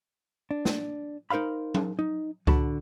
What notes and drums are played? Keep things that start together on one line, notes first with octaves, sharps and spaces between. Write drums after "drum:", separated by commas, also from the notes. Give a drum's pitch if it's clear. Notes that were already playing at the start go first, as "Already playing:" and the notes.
D4
drum: snare
D#4 A#4 C5 F5 B5
drum: tom F#3
D#4
D3 F#4 A5 B5, drum: kick C#2